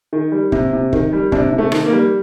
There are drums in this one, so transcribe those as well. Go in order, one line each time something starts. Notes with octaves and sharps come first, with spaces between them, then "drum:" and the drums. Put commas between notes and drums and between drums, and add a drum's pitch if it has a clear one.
D#3
G3
C3, drum: kick
C3
D#3, drum: kick
G3
C3 D4, drum: kick
C3
A3
D#3, drum: rim click
A#3
G3